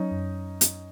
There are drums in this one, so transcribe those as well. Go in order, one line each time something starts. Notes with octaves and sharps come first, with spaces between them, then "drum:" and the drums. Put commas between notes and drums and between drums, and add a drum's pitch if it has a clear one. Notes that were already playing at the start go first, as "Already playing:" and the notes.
Already playing: F#3 C#4 D#4
F#2
drum: hi-hat